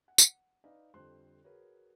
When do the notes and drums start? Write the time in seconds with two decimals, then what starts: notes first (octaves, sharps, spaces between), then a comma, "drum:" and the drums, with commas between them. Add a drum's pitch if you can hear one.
0.08 F#5
0.18 drum: tambourine
0.64 D#4 B4 D5 D#5 F5
0.94 F2 D3 G3 C5 C6 F#6
1.44 F#4 G#4 A#4 B4 C#5